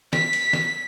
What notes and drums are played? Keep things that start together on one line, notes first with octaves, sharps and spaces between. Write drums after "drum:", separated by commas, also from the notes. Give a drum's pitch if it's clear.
B6, drum: snare
drum: cymbal
drum: snare